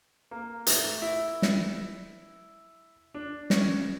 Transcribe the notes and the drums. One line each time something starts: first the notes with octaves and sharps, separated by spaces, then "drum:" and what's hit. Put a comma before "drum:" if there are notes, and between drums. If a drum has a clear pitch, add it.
A#3
A3, drum: hi-hat
E4
drum: snare
D4
C#4, drum: snare